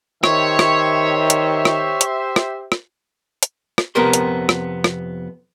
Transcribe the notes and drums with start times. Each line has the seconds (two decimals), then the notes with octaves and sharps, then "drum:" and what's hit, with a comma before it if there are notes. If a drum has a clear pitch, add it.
0.24 D#3 G4 C5 C#5 E5, drum: rim click
0.59 drum: rim click
1.30 drum: hi-hat
1.65 drum: rim click
2.01 drum: hi-hat
2.36 drum: rim click
2.72 drum: rim click
3.43 drum: hi-hat
3.78 drum: rim click
3.95 F2 C3 B3 A#4 C6
4.13 drum: hi-hat
4.49 drum: rim click
4.84 drum: rim click